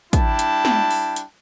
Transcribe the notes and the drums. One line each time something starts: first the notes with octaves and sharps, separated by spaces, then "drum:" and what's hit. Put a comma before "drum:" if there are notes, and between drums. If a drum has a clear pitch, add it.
G3 D4 E4 G5 A5, drum: kick, hi-hat
drum: hi-hat
drum: snare
drum: open hi-hat
drum: hi-hat